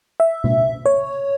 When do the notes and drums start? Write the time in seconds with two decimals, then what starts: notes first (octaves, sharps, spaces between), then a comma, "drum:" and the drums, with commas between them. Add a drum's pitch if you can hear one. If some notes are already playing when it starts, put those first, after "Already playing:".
0.20 E5
0.44 drum: tom B2
0.86 C#5